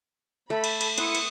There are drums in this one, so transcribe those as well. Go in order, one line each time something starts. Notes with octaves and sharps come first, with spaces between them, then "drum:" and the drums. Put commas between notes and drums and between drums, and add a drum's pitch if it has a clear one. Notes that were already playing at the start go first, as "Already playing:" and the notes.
A3 A4 B5
drum: cymbal
drum: cymbal
E4 F#5 C6 D#6 C#7, drum: cymbal
drum: cymbal